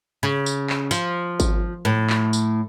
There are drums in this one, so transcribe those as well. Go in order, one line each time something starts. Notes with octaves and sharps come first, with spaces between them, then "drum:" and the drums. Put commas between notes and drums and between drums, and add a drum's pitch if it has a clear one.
C#3
drum: tambourine
drum: clap
F3, drum: tambourine
drum: kick G#1, tambourine
A2
drum: clap
drum: tambourine